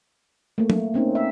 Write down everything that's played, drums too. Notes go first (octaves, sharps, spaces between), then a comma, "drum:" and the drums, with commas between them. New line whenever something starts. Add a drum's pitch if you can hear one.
A3 A#3
drum: tom
A#3 C4 C#4 D#4
E5